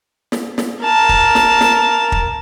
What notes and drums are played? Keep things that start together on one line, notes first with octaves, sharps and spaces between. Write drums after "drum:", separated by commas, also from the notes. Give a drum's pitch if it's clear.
drum: snare
drum: snare
A#4 A5
drum: kick
drum: snare
drum: snare
drum: kick